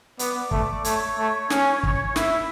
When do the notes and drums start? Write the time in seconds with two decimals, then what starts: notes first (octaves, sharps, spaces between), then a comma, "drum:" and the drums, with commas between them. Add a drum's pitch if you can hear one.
0.19 B3 D5, drum: hi-hat
0.51 A3, drum: kick
0.84 A3 C#5, drum: hi-hat
1.18 A3
1.50 C#4, drum: snare
1.83 drum: kick
2.16 E4 E5, drum: snare